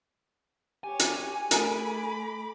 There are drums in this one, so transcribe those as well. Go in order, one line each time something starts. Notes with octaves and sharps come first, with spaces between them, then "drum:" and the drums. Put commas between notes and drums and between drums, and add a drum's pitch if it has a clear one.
G4 C#5 G#5
drum: hi-hat
A3 G#4 A#4 B5 D6, drum: hi-hat